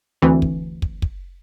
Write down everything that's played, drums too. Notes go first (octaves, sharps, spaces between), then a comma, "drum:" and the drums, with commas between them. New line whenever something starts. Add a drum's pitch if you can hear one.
D2 E3 C4
drum: kick
drum: kick
drum: kick